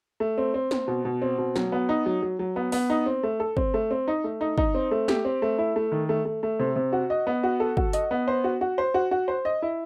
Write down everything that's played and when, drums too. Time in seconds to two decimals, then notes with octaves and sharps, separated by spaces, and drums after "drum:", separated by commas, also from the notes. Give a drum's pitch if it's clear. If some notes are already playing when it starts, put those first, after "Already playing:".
0.20 A3
0.38 C4
0.54 C4
0.71 C4, drum: snare
0.88 B2
1.05 B2
1.22 C4
1.38 B2
1.56 F#3, drum: snare
1.72 B3
1.89 D#4
2.06 F#3
2.22 F#3
2.39 F#3
2.56 B3
2.72 B3, drum: open hi-hat
2.90 D#4
3.06 C4
3.23 A3
3.40 A4
3.57 C4, drum: kick
3.74 A3
3.91 C4
4.08 D#4
4.24 A3
4.41 D#4
4.58 D#4, drum: kick
4.75 C4
4.91 A3
5.08 G4, drum: snare
5.25 C4
5.42 A3
5.58 E4
5.76 A3
5.92 D#3
6.09 A3
6.25 A3
6.43 A3
6.60 C3
6.76 C3
6.93 F#4
7.10 D#5
7.27 B3
7.43 F#4
7.60 A4
7.77 F#4, drum: kick
7.93 D#5, drum: hi-hat
8.11 B3
8.28 C5
8.44 F#4
8.61 F#4
8.78 C5
8.94 F#4
9.11 F#4
9.28 C5
9.45 D#5
9.62 E4